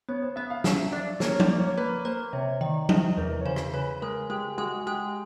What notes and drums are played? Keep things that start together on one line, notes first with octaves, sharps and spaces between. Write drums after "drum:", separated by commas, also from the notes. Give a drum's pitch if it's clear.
B3 C#5
C5
B3 E5
F5
F#3 E5, drum: snare
D4 D5
A#3 C#5, drum: snare
C#5
D5, drum: tom F3
A#3
C#5
A#3 B4
A#3 C5
C3 C#5
D#3 D5
C3 D#5, drum: tom F3
E2 A#4
C#5
C#3 C5
drum: rim click
C#3 B4
G#3 A#4
G#3 G4
G#3 F#4
G#3 G4